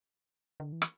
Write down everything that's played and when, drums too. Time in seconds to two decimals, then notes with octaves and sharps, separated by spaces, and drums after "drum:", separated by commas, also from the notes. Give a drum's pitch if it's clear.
0.60 D3
0.72 E3
0.82 drum: rim click